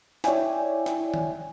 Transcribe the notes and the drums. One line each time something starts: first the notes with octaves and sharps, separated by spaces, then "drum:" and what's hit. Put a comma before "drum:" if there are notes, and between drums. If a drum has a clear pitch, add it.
E4 C#5 D5 E5 G5 G#5, drum: snare
drum: snare
drum: tom D#3